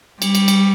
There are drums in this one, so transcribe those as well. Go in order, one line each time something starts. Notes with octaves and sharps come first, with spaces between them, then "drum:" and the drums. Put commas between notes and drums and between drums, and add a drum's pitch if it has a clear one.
G3, drum: cymbal
drum: cymbal
drum: cymbal